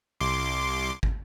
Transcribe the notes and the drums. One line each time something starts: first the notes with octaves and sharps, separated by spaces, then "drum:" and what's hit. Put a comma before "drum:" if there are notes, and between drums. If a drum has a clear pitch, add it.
C2 C6 D6
drum: kick